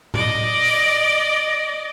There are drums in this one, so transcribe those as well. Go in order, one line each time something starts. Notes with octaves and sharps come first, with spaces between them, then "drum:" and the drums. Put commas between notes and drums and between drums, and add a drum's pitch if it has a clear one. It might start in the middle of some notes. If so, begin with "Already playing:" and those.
D5 D#5, drum: tom A2
drum: open hi-hat